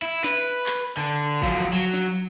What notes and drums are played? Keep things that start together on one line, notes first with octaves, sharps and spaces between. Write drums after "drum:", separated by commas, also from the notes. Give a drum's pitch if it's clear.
E4
B4, drum: snare
drum: clap
D3
drum: hi-hat
F3 F#3, drum: kick
F#3
drum: snare